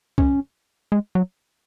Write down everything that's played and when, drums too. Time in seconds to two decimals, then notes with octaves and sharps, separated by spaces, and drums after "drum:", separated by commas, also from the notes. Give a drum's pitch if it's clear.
0.18 C#4, drum: kick C2
0.92 G#3
1.15 F#3